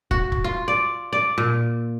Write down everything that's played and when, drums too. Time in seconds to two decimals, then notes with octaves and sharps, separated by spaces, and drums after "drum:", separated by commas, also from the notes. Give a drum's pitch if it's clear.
0.11 F#4, drum: kick
0.32 drum: kick
0.44 F4
0.68 D5
1.13 D5
1.38 A#2